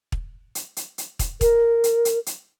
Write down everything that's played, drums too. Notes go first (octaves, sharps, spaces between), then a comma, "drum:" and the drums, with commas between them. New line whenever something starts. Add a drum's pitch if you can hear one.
drum: kick
drum: hi-hat
drum: hi-hat
drum: hi-hat
drum: kick, hi-hat
A#4, drum: kick, hi-hat
drum: hi-hat
drum: hi-hat
drum: hi-hat